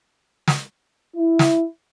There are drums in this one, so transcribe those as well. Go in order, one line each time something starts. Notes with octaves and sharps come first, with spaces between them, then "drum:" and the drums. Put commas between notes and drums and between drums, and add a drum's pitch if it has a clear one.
drum: snare
E4
drum: snare